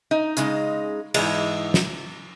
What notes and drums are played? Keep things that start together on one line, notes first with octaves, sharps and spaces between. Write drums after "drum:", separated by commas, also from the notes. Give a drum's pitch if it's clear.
D#4
C#3 G#3 D#4, drum: hi-hat
G#2 E3 G#3, drum: cymbal
drum: snare